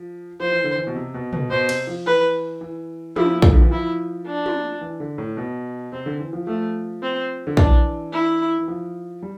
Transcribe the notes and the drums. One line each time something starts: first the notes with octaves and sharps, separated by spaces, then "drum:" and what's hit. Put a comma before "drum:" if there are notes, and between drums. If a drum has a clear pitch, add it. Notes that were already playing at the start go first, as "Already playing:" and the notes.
Already playing: F3
F3 C5
E3
D3
E3
B2
C3
B2
B2, drum: tom
B2 C5
C3, drum: cymbal
F3
E3 B4
E3
F3 E4, drum: tom
C3, drum: kick
D3
E3
F3 E4
D4
drum: tom
E3
D3
A2
B2
C3 C4
D3
E3
F3
F3 A3
C4
D3
E3 D4, drum: kick
E4
E3
F3
G3